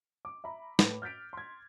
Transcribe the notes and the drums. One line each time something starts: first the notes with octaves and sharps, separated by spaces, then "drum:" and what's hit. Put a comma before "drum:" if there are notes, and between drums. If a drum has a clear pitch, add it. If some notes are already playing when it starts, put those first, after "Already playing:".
D6
E5 A#5 B5
A2 B4 B5 F7, drum: snare
F6 G6 A6 B6 D7
C6 G#6